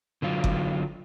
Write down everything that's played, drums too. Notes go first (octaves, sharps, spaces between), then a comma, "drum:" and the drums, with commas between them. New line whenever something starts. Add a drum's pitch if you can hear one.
D3 F#3 F4
drum: kick F#1